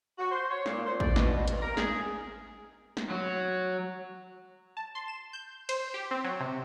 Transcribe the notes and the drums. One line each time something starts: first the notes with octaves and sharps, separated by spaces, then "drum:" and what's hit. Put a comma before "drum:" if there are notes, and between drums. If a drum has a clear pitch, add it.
F#4
C5
C#5
A#2, drum: snare
C5
D5, drum: kick
B2, drum: snare
B2
G2, drum: hi-hat
A#4
G#4, drum: snare
drum: snare
F#3
A5
C6
E7
G6
C5, drum: cymbal
G4
C4
F#3
C3